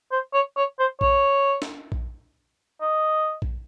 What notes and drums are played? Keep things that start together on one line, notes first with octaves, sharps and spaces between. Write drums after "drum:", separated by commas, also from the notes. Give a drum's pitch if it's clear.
C5
C#5
C#5
C5
C#5, drum: kick A#1
drum: snare
drum: kick A#1
D#5
drum: kick A#1